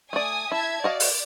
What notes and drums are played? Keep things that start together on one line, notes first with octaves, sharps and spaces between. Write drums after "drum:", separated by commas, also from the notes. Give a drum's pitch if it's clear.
A3 D5 G#5 D#6
E4 E5 A5 G#6
F#4 D5 D#5 F5
drum: open hi-hat